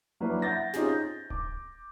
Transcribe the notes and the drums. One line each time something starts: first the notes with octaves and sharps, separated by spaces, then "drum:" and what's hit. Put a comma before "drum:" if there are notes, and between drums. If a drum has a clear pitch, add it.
F#3 A#3 D4 E4 B4
E5 F#5 G6 A6 A#6
C4 C#4 D#4 F4 G4 G#4, drum: snare
G6
D6, drum: kick D1